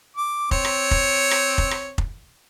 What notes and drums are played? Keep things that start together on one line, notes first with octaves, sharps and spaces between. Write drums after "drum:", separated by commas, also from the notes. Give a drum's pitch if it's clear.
D6
C4 C#5, drum: kick F1
drum: rim click
drum: kick F1
drum: rim click
drum: kick F1
drum: rim click
drum: kick F1